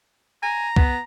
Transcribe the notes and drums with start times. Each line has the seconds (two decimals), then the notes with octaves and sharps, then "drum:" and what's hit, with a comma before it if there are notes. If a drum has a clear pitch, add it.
0.43 G#5 A#5
0.76 B3, drum: kick